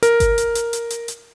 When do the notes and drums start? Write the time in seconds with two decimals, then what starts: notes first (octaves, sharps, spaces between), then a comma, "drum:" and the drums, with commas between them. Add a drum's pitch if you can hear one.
0.03 A#4, drum: hi-hat
0.20 drum: kick G1, hi-hat
0.38 drum: hi-hat
0.55 drum: hi-hat
0.73 drum: hi-hat
0.90 drum: hi-hat
1.08 drum: hi-hat